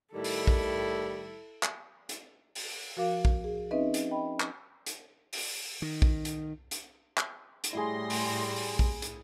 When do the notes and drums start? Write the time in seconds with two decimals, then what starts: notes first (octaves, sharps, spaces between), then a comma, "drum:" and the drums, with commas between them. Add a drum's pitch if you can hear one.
0.14 A2 D#3 G3 E4 A4
0.24 drum: open hi-hat
0.47 drum: kick A#1
1.63 drum: clap
2.09 drum: hi-hat
2.55 drum: open hi-hat
2.97 F3 F#4 A#4 F5 D6
3.25 drum: kick A#1
3.44 G#4
3.71 C4 C#4 D#4 B4 D#5 E5
3.94 drum: hi-hat
4.11 D#5 G5 B5
4.40 drum: clap
4.86 drum: hi-hat
5.33 drum: open hi-hat
5.82 D#3
6.02 drum: kick A#1
6.25 drum: hi-hat
6.71 drum: hi-hat
7.18 drum: clap
7.64 drum: hi-hat
7.73 A2 G3 E4 G#4 C6 A#6
8.10 drum: open hi-hat
8.56 drum: open hi-hat
8.79 drum: kick A#1
9.02 drum: hi-hat